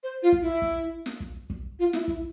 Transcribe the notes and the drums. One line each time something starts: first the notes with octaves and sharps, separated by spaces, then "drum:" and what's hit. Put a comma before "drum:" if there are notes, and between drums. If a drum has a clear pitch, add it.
C5
F4
drum: kick
E4
drum: kick
drum: snare
drum: kick
drum: kick
F4
E4, drum: snare
E4, drum: kick